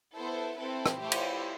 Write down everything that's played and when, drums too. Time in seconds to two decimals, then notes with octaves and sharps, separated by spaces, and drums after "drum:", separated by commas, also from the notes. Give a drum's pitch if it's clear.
0.15 B3 E4 A4 C5
0.58 C4 E4 A4 B4
0.86 drum: rim click
1.00 A3 E4 G4 C5
1.12 drum: cymbal